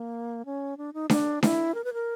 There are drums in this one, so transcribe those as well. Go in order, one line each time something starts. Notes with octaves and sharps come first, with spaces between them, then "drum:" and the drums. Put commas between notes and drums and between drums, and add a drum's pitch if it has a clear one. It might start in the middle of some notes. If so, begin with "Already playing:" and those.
Already playing: A#3
C#4
D4
D#4
D4, drum: snare D4
E4, drum: snare D4
A#4
B4
A#4